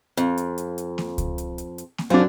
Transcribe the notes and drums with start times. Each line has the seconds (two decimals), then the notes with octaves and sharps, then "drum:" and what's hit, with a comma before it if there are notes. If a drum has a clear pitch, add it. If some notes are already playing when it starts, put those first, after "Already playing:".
0.17 F2, drum: hi-hat
0.38 drum: hi-hat
0.58 drum: hi-hat
0.78 drum: hi-hat
0.98 drum: snare A#3
1.18 drum: kick C#2, hi-hat
1.38 drum: hi-hat
1.58 drum: hi-hat
1.78 drum: hi-hat
1.98 drum: snare A#3
2.10 F#2 F3 F#3 D4